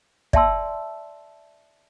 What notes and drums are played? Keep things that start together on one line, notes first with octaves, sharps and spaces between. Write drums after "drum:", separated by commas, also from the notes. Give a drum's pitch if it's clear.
D5 E5 G5 A5 C6 E6, drum: kick